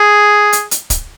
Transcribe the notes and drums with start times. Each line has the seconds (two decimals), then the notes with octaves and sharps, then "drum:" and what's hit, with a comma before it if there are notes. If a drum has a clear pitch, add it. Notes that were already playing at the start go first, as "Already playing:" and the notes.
Already playing: G#4
0.53 drum: hi-hat
0.71 drum: hi-hat
0.90 drum: kick, hi-hat